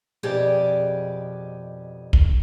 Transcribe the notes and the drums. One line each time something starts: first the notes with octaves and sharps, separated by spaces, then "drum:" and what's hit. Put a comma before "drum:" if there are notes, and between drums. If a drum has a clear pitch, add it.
F2 B2 G4 G#4 D5
drum: kick